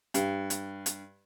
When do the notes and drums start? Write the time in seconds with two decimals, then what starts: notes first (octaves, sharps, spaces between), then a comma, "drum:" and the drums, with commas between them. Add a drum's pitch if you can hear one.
0.14 G2, drum: hi-hat
0.50 drum: hi-hat
0.86 drum: hi-hat